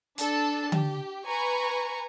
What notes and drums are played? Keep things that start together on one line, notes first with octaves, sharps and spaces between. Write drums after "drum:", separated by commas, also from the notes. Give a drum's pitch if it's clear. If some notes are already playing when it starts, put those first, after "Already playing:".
D4 A4 A5, drum: hi-hat
G4, drum: tom D3
B4 G#5 A#5 C#6